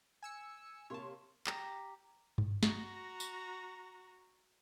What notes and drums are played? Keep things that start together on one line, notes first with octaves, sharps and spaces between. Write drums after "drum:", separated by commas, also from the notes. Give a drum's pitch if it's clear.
G#5 E6 C#7
C3 A#3 C#5 A5 C6
G4 A#5, drum: clap
drum: tom G2
F#4 A#5, drum: snare
drum: tambourine